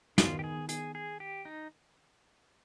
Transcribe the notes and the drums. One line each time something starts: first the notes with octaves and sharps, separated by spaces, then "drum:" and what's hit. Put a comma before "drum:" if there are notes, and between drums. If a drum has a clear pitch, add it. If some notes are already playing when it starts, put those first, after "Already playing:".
D#3 B3 F4, drum: snare
G4
G#4
G#4, drum: hi-hat
G#4
G4
D#4